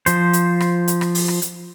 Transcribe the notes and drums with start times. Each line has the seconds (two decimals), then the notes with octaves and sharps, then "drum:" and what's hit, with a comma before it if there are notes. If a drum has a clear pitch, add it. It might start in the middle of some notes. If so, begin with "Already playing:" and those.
0.06 F3 C5, drum: hi-hat
0.33 drum: hi-hat
0.60 drum: rim click
0.88 drum: hi-hat
1.01 drum: rim click
1.15 drum: open hi-hat
1.28 drum: rim click
1.42 drum: hi-hat